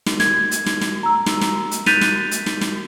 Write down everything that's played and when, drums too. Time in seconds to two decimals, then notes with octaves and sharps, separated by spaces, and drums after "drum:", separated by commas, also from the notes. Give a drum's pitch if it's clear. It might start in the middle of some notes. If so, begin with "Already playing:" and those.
0.06 drum: snare
0.20 G#6, drum: snare
0.51 drum: hi-hat
0.66 drum: snare
0.81 drum: snare
1.03 A#5 E6
1.26 drum: snare
1.41 drum: snare
1.71 drum: hi-hat
1.86 F#6 G6 A6 B6 D#7 F7, drum: snare
2.01 drum: snare
2.31 drum: hi-hat
2.46 drum: snare
2.61 drum: snare